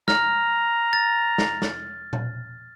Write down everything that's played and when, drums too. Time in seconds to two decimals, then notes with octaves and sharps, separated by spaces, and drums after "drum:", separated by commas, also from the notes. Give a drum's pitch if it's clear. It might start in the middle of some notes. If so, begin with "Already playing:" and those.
0.08 A#5 F6, drum: snare
0.93 A6
1.38 drum: snare
1.62 drum: snare
2.13 drum: tom A#2